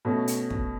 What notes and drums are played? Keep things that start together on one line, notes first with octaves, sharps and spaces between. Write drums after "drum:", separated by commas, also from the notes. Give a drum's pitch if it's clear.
B2 A3 C#4
drum: hi-hat
drum: kick